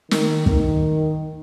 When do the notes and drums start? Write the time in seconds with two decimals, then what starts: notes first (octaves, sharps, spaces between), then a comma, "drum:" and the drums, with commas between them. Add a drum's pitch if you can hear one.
0.11 D#3, drum: snare
0.46 D#3, drum: kick